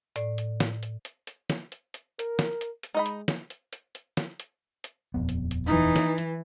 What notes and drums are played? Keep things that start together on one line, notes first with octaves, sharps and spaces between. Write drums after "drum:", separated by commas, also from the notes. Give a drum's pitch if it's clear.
A2 D5, drum: hi-hat
drum: hi-hat
drum: snare
drum: hi-hat
drum: hi-hat
drum: hi-hat
drum: snare
drum: hi-hat
drum: hi-hat
A#4, drum: hi-hat
drum: snare
drum: hi-hat
drum: hi-hat
G#3 D#4 D#5 B5
drum: hi-hat
drum: snare
drum: hi-hat
drum: hi-hat
drum: hi-hat
drum: snare
drum: hi-hat
drum: hi-hat
D#1 F2 B3
drum: hi-hat
drum: hi-hat
E3 D#4
drum: snare
drum: hi-hat